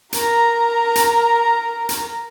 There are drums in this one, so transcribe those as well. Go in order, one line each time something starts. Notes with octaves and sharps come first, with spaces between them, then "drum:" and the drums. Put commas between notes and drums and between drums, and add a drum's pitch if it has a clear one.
A#4 A#5, drum: hi-hat
drum: hi-hat
drum: hi-hat